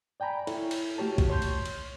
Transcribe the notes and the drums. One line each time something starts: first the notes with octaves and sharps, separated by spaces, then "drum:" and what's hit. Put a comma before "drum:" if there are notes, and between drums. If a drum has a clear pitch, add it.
D5 G5 G#5 A#5 B5
E4 A4 C#5, drum: cymbal
drum: cymbal
A3 F#4 G4 C#5 A5
drum: kick A#1, cymbal
C#5 C6 G6
drum: cymbal
drum: cymbal